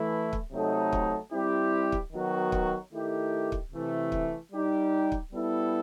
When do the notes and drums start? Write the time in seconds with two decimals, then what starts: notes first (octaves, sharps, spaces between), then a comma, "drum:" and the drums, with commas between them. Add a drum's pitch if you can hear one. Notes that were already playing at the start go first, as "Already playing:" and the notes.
Already playing: E3 A3 E4
0.33 drum: kick
0.52 C3 F#3 A3 D#4 A4
0.93 drum: kick
1.32 G3 C4 E4 G4
1.92 drum: kick
2.12 D#3 F#3 B3 F#4
2.52 drum: kick
2.92 D#3 A3 E4 G4
3.52 drum: kick
3.72 C3 E3 A3
4.12 drum: kick
4.52 G3 D#4 G4
5.12 drum: kick
5.31 G3 B3 E4 A4